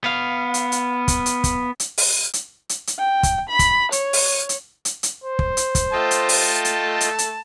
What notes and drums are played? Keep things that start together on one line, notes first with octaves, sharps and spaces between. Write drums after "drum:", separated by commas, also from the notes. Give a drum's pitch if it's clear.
B3 F5
drum: hi-hat
drum: hi-hat
drum: kick, hi-hat
drum: hi-hat
drum: kick, hi-hat
drum: hi-hat
drum: open hi-hat
drum: hi-hat
drum: hi-hat
drum: hi-hat
G5
drum: kick, hi-hat
B5
drum: kick, hi-hat
C#5, drum: hi-hat
drum: open hi-hat
drum: hi-hat
drum: hi-hat
drum: hi-hat
C5
drum: kick
drum: hi-hat
drum: kick, hi-hat
A3 F4 D#5 G5 A5
drum: hi-hat
drum: open hi-hat
drum: hi-hat
drum: hi-hat
drum: hi-hat